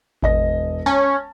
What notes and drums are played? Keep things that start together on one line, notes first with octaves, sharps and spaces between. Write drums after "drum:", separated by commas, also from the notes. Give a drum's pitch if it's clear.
E1 D#5 A#6, drum: kick G#1
C#4 A5